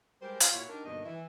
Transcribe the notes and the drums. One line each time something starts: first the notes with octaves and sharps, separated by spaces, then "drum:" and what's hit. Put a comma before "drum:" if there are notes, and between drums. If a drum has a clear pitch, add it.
G3 G#3 G4 A#4 C5
F4, drum: hi-hat
A#2 E4 F#4 C#5
D4 D#4 G4 A#4
G2 B2 D3 D#3 A#3 D#5
E3 E4